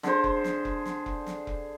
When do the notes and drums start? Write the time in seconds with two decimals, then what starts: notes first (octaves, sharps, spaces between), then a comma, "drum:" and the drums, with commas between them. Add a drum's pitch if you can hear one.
0.03 D3 G#4 C5, drum: snare
0.24 drum: kick F1
0.44 drum: snare
0.65 drum: kick F1
0.85 drum: snare
1.06 drum: kick F1
1.27 drum: snare
1.47 drum: kick F1